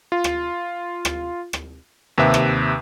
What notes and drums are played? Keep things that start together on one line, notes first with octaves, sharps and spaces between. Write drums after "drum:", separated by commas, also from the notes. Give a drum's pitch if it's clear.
F4
drum: rim click
drum: rim click
drum: rim click
D#2 C3 B4 E5
drum: rim click